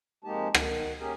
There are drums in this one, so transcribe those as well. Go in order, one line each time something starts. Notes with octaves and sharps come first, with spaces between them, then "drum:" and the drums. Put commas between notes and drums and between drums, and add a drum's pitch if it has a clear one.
F2 G#3 A#3 D#4 G4 A5
D#3 F#5, drum: rim click
A#3 C#4 G4 G#4 A#4